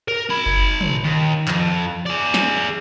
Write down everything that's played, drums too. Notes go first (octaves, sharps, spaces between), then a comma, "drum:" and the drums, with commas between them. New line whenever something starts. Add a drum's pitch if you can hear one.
A#4
D#4 B5
drum: kick F#1
drum: tom
D#2
F2, drum: clap
G#4 D5
drum: snare